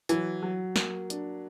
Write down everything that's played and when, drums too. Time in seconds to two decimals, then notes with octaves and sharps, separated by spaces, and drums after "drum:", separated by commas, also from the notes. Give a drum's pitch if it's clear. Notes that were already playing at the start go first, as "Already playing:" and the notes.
0.09 E3 F#3, drum: hi-hat
0.42 F#3
0.76 A#3, drum: snare
1.10 D4, drum: hi-hat